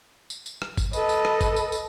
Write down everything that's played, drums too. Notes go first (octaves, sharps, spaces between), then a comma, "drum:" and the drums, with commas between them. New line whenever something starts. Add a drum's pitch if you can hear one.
drum: tambourine
drum: tambourine
drum: rim click
drum: kick, tambourine
A4 B4 D#5, drum: tambourine
drum: tambourine
drum: rim click
drum: kick, tambourine
drum: tambourine
drum: tambourine